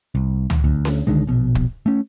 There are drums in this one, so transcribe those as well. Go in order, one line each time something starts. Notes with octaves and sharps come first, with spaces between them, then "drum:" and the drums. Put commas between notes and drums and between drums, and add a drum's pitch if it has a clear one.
C2
drum: tom C#2
D2
drum: snare C#4
C#2 D3 D#3 G#3
A#1 B2
drum: kick
A3 C#4